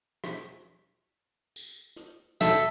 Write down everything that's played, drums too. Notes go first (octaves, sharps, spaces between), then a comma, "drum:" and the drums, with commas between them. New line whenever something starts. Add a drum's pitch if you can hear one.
drum: rim click
drum: tambourine
drum: hi-hat
A4 E5, drum: snare